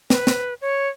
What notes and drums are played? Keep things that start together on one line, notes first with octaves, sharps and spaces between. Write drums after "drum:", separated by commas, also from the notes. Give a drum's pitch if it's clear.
B4, drum: snare
drum: snare
C#5